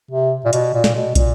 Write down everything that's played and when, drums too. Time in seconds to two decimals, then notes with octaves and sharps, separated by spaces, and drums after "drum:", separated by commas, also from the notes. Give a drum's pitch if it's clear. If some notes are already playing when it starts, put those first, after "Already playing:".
0.11 C3
0.45 A#2
0.53 B2, drum: hi-hat
0.74 A#2
0.84 drum: snare
0.95 B2
1.15 A#2, drum: kick, hi-hat